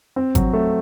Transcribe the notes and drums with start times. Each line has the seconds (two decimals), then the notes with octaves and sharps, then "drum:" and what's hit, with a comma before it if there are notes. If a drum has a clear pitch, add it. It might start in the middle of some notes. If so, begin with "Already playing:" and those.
0.16 C4
0.35 F#3, drum: kick G#1, hi-hat
0.53 A3